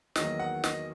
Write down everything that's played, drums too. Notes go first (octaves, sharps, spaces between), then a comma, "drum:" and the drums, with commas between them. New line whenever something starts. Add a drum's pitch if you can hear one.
E2 D#3 F#3 A#3 D#5, drum: snare
F#5
D#5, drum: snare